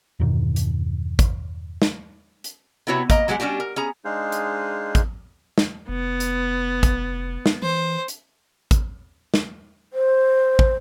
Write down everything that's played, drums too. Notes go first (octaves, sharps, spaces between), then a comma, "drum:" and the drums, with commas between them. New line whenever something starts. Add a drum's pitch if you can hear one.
E2 G2 B2 D#3
drum: hi-hat
drum: kick, hi-hat
drum: snare
drum: hi-hat
C3 B3 E4 F#4 C#5
A#3 D#5 A#5, drum: kick, hi-hat
F#3 G#3 G4 A4 F#5
G3 C#4 D4 F#4 G4
A#4
C#4 G#4 A#5
G#3 D4 D#4 G#4 C5 F5
drum: hi-hat
drum: kick, hi-hat
drum: snare
F1 B3
drum: hi-hat
drum: kick, hi-hat
drum: snare
E3 C5
drum: hi-hat
drum: kick, hi-hat
drum: snare
C5
drum: kick